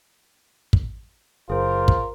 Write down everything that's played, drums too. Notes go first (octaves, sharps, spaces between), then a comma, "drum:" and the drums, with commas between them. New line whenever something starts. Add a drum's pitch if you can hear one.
drum: kick
F#1 F4 G#4 A#4 C5
drum: kick